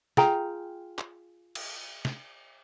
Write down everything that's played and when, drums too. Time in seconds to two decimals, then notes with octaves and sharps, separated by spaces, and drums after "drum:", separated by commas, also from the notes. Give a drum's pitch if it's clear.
0.17 F4 G#4 G5 A#5, drum: snare
0.98 drum: clap
1.55 drum: cymbal
2.05 drum: snare